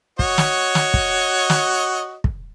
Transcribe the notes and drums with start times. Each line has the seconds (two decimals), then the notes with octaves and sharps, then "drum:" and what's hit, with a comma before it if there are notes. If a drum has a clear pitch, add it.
0.19 F#4 C#5 D#5, drum: kick
0.38 drum: snare
0.75 drum: snare
0.94 drum: kick
1.50 drum: snare
2.24 drum: kick